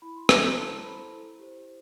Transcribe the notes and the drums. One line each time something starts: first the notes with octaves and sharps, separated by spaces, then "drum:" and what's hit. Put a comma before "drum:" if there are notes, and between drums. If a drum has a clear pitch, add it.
E4 B5
C6
A4 C5 A#5, drum: rim click
A5
E4 A5
A4 C5 B5
E4
G4 C5